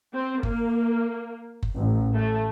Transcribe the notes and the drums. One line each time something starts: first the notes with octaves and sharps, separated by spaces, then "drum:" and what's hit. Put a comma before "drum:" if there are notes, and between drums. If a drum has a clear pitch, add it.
C4
A#3, drum: kick F#1
drum: kick F#1
A1
A3